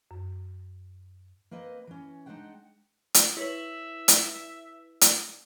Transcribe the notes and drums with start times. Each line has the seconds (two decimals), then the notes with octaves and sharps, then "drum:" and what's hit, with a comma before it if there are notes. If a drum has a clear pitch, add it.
0.11 F#2
1.51 A#3 C4 B4 D#5
1.87 E3 C#4
2.26 G#3 C4 D4 D#4 F#5 G5
3.14 drum: hi-hat
3.37 E4 B4 C#5 E5
4.08 drum: hi-hat
5.01 drum: hi-hat